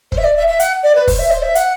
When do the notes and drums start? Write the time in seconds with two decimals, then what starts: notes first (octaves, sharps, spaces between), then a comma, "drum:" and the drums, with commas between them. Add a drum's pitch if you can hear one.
0.12 C5, drum: kick
0.18 E5
0.24 D5
0.36 E5
0.48 E5
0.60 F#5, drum: hi-hat
0.83 D5
0.95 B4
1.07 C5, drum: kick, open hi-hat
1.19 E5
1.31 C5
1.43 E5
1.55 F#5, drum: hi-hat